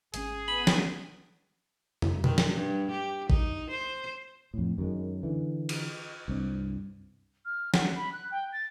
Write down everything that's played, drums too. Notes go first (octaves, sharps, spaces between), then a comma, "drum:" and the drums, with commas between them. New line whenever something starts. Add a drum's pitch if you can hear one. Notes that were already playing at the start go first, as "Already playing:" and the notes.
G#1 G#3 C#4 G#4, drum: hi-hat
B3 B5 D#7
drum: snare
drum: tom
D#3, drum: tom B2
drum: snare
G2
G4
D#4, drum: kick A1
C5
F2 A2
F#2 D#3 G#3
D3 E3
drum: cymbal
C2 G2 C4
F6
F#5, drum: snare
B5
F#6
G5
A6